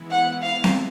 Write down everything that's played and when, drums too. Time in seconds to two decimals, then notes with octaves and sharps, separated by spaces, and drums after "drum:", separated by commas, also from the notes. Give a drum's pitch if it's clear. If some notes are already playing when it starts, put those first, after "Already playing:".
Already playing: E3 G#3 B3 E4
0.10 F#5
0.42 F5
0.64 drum: snare C4